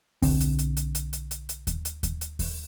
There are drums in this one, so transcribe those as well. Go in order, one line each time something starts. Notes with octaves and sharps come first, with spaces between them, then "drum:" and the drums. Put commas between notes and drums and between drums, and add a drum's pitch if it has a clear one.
B1 D3 C4, drum: kick D#2, open hi-hat
drum: hi-hat
drum: hi-hat
drum: hi-hat
drum: hi-hat
drum: hi-hat
drum: hi-hat
drum: hi-hat
drum: kick D#2, hi-hat
drum: hi-hat
drum: kick D#2, hi-hat
drum: hi-hat
drum: kick D#2, open hi-hat